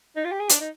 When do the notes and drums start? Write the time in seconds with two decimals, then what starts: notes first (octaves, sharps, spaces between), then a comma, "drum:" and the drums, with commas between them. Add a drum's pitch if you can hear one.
0.16 D#4
0.25 F4
0.31 G4
0.39 G#4
0.50 D4, drum: hi-hat
0.60 D#4